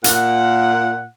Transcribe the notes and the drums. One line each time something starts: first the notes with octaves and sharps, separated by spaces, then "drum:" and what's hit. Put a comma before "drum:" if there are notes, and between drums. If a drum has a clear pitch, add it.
A#2 F#5, drum: hi-hat